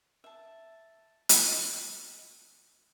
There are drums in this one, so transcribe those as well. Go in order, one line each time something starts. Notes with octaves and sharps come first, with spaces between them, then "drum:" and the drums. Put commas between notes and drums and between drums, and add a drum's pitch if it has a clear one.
E5 A5
drum: hi-hat